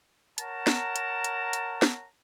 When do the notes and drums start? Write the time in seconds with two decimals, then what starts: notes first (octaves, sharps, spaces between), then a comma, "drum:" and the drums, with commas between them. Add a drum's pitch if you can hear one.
0.38 A#4 C#5 F#5 A5 A#5, drum: hi-hat
0.67 drum: snare
0.96 drum: hi-hat
1.24 drum: hi-hat
1.53 drum: hi-hat
1.82 drum: snare